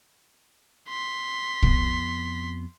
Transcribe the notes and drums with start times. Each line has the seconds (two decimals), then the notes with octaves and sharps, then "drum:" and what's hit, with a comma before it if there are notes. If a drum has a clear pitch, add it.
0.89 C6 B6
1.63 F2 B3, drum: kick